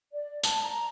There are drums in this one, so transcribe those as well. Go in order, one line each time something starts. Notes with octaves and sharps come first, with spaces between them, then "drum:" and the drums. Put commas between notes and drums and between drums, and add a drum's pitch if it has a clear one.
D5
A5, drum: tambourine
A#5